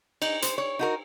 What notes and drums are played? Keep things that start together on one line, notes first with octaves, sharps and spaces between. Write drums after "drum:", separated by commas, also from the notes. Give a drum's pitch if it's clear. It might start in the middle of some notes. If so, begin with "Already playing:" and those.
D#4, drum: cymbal
C5, drum: hi-hat
C#5
D#4 F#4 A#4